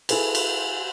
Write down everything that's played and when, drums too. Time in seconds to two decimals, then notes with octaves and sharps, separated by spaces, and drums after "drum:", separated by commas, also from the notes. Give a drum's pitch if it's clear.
0.09 E4 G#4 A4 B4 G#5, drum: cymbal
0.35 drum: cymbal